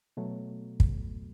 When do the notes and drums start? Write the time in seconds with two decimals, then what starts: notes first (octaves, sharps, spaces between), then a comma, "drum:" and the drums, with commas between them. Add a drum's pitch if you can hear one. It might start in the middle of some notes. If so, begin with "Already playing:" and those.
0.17 B2 F#3 A3
0.80 drum: kick